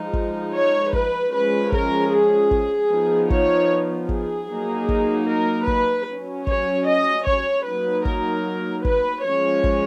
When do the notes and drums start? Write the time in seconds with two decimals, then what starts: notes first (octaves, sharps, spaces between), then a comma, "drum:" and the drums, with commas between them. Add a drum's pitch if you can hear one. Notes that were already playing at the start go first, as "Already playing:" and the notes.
Already playing: F3 G#3 D#4
0.13 drum: kick
0.53 C#5
0.93 B4, drum: kick
1.32 F3 G#3 C#4 B4
1.72 A#4, drum: kick
2.12 G#4
2.51 drum: kick
2.90 F3 B3 D#4
3.30 C#5, drum: kick
4.09 G#4, drum: kick
4.48 F#3 A#3 D#4
4.89 drum: kick
5.28 A#4
5.67 B4, drum: kick
6.08 F#3 C#4
6.47 C#5, drum: kick
6.86 D#5
7.27 C#5, drum: kick
7.65 F#3 A#3 D#4 B4
8.05 A#4, drum: kick
8.85 B4, drum: kick
9.24 F3 G#3 C#4 C#5
9.64 drum: kick